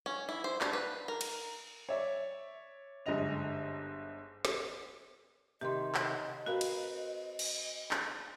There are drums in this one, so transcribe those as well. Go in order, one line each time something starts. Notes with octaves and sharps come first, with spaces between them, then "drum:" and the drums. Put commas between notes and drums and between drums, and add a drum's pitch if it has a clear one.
C#4
E4
C5
D4, drum: clap
B4
A#4
drum: cymbal
C#5 D5 E5
G1 G#2 D3 D#5 F7
drum: snare
C3 D#3 G4 D#5 C6
drum: clap
C4 F#4 A#4 B4 F5
drum: cymbal
drum: cymbal
drum: clap